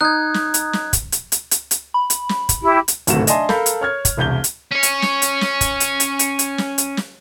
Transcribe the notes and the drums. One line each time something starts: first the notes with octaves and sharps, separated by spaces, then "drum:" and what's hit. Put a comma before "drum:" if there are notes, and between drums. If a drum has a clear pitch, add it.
D#4 F#6 G#6
drum: snare
drum: hi-hat
drum: snare
drum: kick, hi-hat
drum: hi-hat
drum: hi-hat
drum: hi-hat
drum: hi-hat
B5
drum: hi-hat
drum: snare
drum: kick, hi-hat
E4 G4
drum: hi-hat
D1 G#1 C3 A3 F#4 E7, drum: hi-hat
D4 D#5 E5 G#5 A5 C6, drum: hi-hat
A4 A#4 F5 A5 B5 G6, drum: snare
drum: hi-hat
C#5 F6 G#6
drum: kick, hi-hat
E1 C2 G6 G7
drum: hi-hat
C#4 C#5
drum: hi-hat
drum: snare
drum: hi-hat
drum: snare
drum: kick, hi-hat
drum: hi-hat
drum: hi-hat
drum: hi-hat
drum: hi-hat
drum: snare
drum: hi-hat
drum: snare